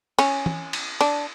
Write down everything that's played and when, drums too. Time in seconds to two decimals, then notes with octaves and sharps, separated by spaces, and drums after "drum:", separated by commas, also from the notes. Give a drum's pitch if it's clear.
0.19 C#4, drum: cymbal
0.46 drum: tom
0.73 drum: cymbal
1.01 D4, drum: cymbal